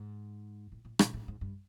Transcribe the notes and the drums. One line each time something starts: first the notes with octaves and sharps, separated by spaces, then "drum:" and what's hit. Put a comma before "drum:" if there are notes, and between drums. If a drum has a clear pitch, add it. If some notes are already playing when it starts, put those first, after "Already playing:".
Already playing: G#2
A2
A2
A#2, drum: rim click
A2
G#2
G2